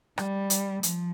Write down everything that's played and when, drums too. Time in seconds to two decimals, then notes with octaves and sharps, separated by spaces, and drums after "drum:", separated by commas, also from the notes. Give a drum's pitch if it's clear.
0.18 G3, drum: rim click
0.50 drum: hi-hat
0.83 F3, drum: hi-hat